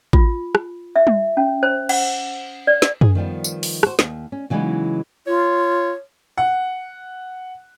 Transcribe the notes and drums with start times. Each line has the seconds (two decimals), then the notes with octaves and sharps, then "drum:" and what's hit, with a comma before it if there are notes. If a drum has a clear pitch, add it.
0.13 F4, drum: kick A1
0.55 drum: rim click
0.96 E5
1.07 drum: tom G3
1.37 C#4
1.63 C5
1.89 F#5, drum: cymbal
2.67 D5
2.82 drum: snare
3.01 G#4, drum: tom F#2
3.15 D#3 F3 G3 B3
3.44 drum: tambourine
3.63 drum: open hi-hat
3.83 F#4 C5, drum: rim click
3.99 D#2, drum: snare
4.32 C#4
4.50 C#3 E3 F#3 G#3 B3 D#4
5.27 F4 C#5
6.38 F#5